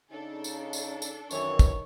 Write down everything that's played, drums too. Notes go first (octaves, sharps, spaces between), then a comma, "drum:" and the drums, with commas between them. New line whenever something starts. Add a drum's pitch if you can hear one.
C#3 D4 D#4 A4
drum: tambourine
drum: tambourine
drum: tambourine
F#2 D#3 E3 C#5, drum: tambourine
drum: kick, tambourine